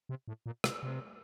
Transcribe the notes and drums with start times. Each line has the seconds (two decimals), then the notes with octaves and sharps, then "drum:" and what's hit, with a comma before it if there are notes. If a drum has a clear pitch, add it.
0.09 C3
0.28 A2
0.46 A#2
0.64 C3, drum: rim click
0.83 C3